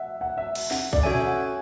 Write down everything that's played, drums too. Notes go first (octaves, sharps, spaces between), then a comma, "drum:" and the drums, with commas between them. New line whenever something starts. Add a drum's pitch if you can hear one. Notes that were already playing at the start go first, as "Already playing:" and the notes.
Already playing: E5 F#5
F#5
E5
drum: cymbal
F#5, drum: snare
D5, drum: kick B1
C#4 F#4 A4 C#5 E5 G#5, drum: tom A#2
F#5